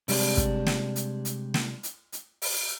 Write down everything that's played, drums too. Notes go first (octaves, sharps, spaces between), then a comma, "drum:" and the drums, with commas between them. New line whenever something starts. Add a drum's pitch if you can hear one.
C3 G3 G#3 D4, drum: open hi-hat
drum: kick, hi-hat
drum: snare
drum: hi-hat
drum: hi-hat
drum: snare
drum: hi-hat
drum: hi-hat
drum: open hi-hat